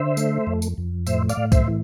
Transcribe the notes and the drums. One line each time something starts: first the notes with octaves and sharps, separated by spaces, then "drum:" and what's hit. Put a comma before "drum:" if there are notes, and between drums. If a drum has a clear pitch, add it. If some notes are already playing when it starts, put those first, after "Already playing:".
Already playing: D3 C5 E5
A3, drum: tambourine
F2
drum: tambourine
F2
A2 C5 E5, drum: tambourine
D5 F5, drum: tambourine
A2
C5 E5, drum: kick, tambourine
E3